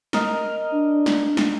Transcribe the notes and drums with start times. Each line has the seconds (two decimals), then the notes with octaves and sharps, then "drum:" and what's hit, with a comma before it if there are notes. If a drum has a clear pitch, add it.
0.13 A#4 D#5 F6, drum: snare
0.72 D4
1.06 drum: snare
1.37 drum: snare